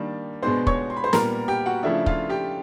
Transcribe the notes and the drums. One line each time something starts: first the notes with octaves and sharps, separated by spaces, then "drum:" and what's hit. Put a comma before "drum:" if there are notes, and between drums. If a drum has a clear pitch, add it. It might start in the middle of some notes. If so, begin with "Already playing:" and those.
Already playing: D#3 G3 A#3 D4
B2 G#3 B3 D4 C5 C6
C#5 C#6, drum: kick
C6
B5
C5 C6
A#2 G3 B3 A#4 A#5, drum: snare
G4 G5
F#4 F#5
C#3 F3 A3 D4 E4 E5
F4 F5, drum: kick
G4 G5